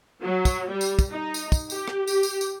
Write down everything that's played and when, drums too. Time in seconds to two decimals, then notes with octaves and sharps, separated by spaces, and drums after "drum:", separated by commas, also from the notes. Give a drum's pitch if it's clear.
0.23 F#3
0.45 drum: kick, tambourine
0.68 G3
0.81 drum: tambourine
0.99 drum: kick, tambourine
1.10 D#4
1.34 drum: tambourine
1.52 drum: kick, tambourine
1.70 G4, drum: tambourine
1.88 drum: rim click
2.07 G4, drum: tambourine
2.23 drum: tambourine
2.41 drum: tambourine